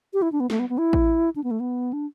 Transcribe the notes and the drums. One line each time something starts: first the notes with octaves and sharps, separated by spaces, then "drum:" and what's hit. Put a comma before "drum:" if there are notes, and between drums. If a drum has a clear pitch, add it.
G4
E4
D4
B3
A3, drum: snare
B3
B3
E4
drum: kick A1
D4
B3
A3
B3
D4